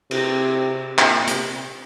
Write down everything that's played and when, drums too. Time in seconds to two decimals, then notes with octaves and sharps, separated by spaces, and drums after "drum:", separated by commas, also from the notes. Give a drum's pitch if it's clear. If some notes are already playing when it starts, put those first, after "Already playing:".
0.11 C3, drum: cymbal
0.98 A#2, drum: clap
1.28 C3, drum: hi-hat